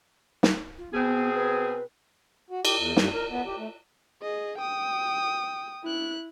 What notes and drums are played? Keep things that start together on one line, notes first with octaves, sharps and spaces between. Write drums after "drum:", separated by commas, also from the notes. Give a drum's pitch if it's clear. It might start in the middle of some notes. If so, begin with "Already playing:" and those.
drum: snare
F4
B2 B3 C4 G#4
B4
F#4
G4, drum: cymbal
E2
G2, drum: snare
A#4
B3
G4
A3
G#4 D#5
G5 D#6
E4 F#6